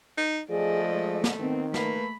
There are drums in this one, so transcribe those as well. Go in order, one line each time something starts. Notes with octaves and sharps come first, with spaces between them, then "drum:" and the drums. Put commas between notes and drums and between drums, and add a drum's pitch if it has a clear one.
D#4
F3 A3 G#4 D5 D#5
G#3
drum: snare
D#3 B3 C4
A3 A#3 B4 B5, drum: snare